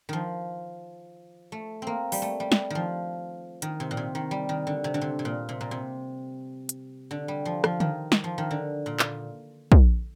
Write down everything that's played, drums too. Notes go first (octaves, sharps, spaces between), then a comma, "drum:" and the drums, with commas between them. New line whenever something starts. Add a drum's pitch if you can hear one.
D#3 F3
A3
A#3 C4
G3, drum: open hi-hat
A3
G3
drum: snare
D#3 F3
D#3, drum: hi-hat
C3
A#2
C3
D#3
G3
D#3
D3
C3
D3
C3
C3
A#2
C3
A#2
C3
drum: hi-hat
D3
G3
F3
F3, drum: rim click
D#3, drum: tom D3
drum: snare
F3
D#3
D3
A#2
drum: clap
drum: kick